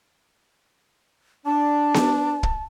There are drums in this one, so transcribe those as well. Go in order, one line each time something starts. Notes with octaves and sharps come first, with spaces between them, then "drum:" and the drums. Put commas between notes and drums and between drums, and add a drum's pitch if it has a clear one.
D4 A5
drum: snare B3
drum: kick